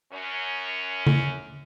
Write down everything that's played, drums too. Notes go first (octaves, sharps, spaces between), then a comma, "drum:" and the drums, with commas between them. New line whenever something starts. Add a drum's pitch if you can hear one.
F#2 C#4
drum: tom C#3